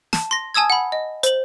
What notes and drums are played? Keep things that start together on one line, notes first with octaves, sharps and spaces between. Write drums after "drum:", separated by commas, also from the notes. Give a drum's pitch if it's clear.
A5, drum: snare
C6 A#6
G#5 A5 D#6 E6 G#6
F#5 B5
D#5
C5 F#7, drum: hi-hat